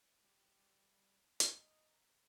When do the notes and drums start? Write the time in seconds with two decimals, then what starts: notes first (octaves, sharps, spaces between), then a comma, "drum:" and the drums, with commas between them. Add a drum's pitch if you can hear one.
0.25 G3 G4
1.40 D#5 A#5, drum: hi-hat